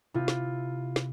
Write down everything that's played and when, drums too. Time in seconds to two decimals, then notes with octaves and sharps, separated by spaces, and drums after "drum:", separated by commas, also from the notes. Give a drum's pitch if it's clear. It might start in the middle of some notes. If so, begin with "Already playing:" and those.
0.14 C3 E4 F4
0.28 drum: snare
0.96 drum: snare